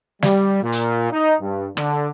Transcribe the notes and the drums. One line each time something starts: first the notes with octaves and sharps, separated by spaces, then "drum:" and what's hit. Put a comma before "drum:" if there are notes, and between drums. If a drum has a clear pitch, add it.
G3, drum: snare
A#2
drum: hi-hat
D#4
G2
D3, drum: rim click